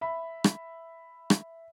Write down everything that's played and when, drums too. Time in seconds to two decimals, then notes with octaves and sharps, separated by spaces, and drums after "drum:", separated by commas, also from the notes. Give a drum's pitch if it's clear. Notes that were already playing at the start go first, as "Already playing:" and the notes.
0.01 E5 B5
0.44 drum: rim click
1.30 drum: rim click